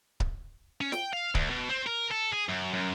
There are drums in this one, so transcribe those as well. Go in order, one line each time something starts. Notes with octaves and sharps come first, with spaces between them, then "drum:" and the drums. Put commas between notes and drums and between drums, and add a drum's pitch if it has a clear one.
drum: kick C#1
C#4
G5, drum: snare
F5
D2, drum: kick C#1
B2
C4
A#4
A4
G#4
F#2
F#2